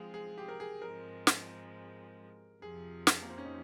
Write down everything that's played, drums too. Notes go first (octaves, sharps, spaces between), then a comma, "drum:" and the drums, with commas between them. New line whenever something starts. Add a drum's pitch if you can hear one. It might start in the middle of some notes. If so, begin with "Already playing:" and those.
Already playing: F3 G#3 C4 F4 G#4
G#4
G4
A#4
G#4
G#2 F3 G#3 C4 A#4
drum: snare
F2 C3 F3 G#4
drum: snare
A#3
C4
C#4
D#4